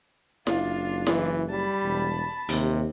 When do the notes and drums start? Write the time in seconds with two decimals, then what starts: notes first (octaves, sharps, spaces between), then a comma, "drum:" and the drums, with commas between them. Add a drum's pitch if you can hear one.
0.47 F#1 D4 F4, drum: snare E4
1.07 E3, drum: snare E4
1.50 G3 A5 B5
1.83 E1
2.49 D#2 C3, drum: hi-hat